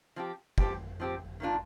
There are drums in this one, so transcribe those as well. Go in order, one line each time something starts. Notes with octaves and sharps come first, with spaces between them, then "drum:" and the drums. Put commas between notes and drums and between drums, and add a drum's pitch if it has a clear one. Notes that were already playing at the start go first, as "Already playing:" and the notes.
F3 C4 G4
F3 C4 G4, drum: kick
F3 C4 G4
D#3 A#3 D4 F4